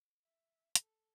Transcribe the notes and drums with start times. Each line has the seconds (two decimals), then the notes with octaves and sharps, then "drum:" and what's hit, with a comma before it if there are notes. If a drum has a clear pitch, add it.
0.23 E5
0.75 A4, drum: hi-hat